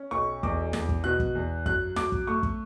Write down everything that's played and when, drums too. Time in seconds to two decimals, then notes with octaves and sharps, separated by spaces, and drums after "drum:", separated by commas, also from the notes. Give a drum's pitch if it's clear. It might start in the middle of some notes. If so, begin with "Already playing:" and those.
Already playing: C#4
0.11 B1 C#6
0.43 E2 D6, drum: kick
0.73 E2, drum: snare
0.89 drum: kick
1.04 B2 F#6
1.20 drum: kick
1.35 E2
1.66 F#2 F#6, drum: kick
1.96 F#2 D6, drum: snare
2.12 drum: kick
2.27 A3 C#6
2.43 drum: kick